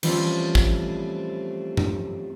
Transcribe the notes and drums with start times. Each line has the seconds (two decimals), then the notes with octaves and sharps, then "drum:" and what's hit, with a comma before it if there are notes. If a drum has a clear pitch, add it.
0.03 E3 F3 G3 A3 C4 C#4, drum: cymbal
0.55 drum: kick
1.77 drum: tom G2